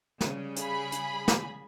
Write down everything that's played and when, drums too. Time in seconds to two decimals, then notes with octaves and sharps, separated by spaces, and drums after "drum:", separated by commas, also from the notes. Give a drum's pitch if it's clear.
0.21 C#3 G3, drum: snare
0.56 G#4 B5, drum: hi-hat
0.92 drum: hi-hat
1.28 drum: snare